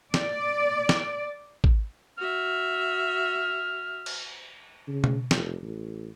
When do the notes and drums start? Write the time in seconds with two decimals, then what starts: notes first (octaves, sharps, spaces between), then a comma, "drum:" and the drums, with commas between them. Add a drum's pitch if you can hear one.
0.14 D5, drum: snare
0.89 drum: snare
1.64 drum: kick
2.18 F#4 E5 F6
4.06 drum: cymbal
4.88 C#3
5.04 drum: tom B2
5.31 F1, drum: snare
5.62 A1